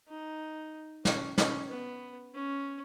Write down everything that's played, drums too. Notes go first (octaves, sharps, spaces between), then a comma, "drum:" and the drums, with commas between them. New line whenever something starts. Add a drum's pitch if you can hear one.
D#4
C#4, drum: snare
C#4, drum: snare
B3
C#4